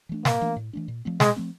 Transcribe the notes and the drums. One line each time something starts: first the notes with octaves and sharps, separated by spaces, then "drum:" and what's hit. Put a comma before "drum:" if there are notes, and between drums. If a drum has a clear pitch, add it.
E3 A3 D4
A2 A#3, drum: snare
E3 A3 D4
A2
E3 A3 D4
A#2
F3 A3 C4
A#2 G#3, drum: snare
F3 A3 C4